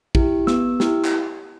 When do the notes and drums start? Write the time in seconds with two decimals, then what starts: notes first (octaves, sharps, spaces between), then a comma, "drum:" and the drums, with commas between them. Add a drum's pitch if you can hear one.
0.15 E4 G4, drum: kick
0.47 B3 E6, drum: snare
0.80 E4 G4, drum: snare
1.05 drum: clap